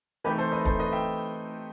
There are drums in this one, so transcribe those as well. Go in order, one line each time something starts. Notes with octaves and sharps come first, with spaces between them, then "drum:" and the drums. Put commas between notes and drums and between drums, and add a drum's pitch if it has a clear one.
C3 E3 A3 D#4 G4 B4
A4 C5
B4 D#5
A4 C5, drum: kick
B4 D#5
E5 G5